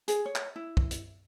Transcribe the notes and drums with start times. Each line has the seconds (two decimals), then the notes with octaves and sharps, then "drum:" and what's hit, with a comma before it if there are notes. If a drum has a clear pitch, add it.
0.08 G#4, drum: hi-hat
0.26 C#5
0.35 drum: clap
0.56 E4
0.77 drum: kick
0.91 drum: hi-hat